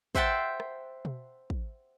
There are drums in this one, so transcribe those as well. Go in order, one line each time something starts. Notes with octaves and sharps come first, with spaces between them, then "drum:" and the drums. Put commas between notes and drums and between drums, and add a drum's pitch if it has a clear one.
C5 E5 F#5 G5 A5, drum: kick
drum: rim click
drum: tom B2
drum: kick